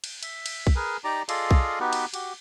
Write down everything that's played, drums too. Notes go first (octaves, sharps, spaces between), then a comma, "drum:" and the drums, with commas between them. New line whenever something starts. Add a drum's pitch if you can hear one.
drum: cymbal
E5, drum: cymbal
drum: cymbal
drum: kick B1
G#4 A#4 B4 G#5
D#4 G4 D5 A#5
F4 G#4 A4 D5 D#5 F5, drum: cymbal
drum: kick B1
B3 D#4 F#4 G4 B4
drum: cymbal
F#4 G4, drum: cymbal